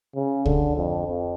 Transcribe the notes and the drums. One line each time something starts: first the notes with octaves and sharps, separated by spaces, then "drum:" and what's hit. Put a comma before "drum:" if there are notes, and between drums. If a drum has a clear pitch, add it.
C#3
D3, drum: kick C#2
F2
F2